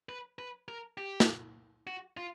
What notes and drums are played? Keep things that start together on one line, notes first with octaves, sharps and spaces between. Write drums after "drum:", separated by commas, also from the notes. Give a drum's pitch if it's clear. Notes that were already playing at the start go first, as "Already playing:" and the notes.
B4
B4
A#4
G4
drum: snare
F#4
F4